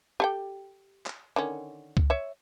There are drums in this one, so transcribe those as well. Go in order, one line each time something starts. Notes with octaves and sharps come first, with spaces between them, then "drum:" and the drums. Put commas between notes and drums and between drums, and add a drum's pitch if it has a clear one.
G4 A4 G5
drum: clap
D3 D#3 C#4
drum: kick
C#5 E5